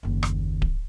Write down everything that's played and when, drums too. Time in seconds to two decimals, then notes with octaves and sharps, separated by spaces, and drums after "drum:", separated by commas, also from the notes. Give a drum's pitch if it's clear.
0.03 F#1 D#2
0.23 drum: rim click
0.62 drum: kick D1